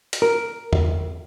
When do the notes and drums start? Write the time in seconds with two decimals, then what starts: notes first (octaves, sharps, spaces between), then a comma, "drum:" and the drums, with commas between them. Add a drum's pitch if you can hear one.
0.13 drum: hi-hat
0.22 A#4
0.73 drum: tom E2